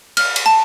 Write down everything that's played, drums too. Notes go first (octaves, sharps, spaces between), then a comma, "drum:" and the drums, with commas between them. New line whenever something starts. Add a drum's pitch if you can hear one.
F6, drum: cymbal
drum: cymbal
A5